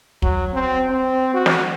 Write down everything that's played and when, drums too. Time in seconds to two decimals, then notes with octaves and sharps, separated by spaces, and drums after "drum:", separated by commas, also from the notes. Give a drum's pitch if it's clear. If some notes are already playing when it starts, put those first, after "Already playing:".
0.22 F#3, drum: kick
0.53 C4
0.91 C4
1.34 F#4
1.46 drum: snare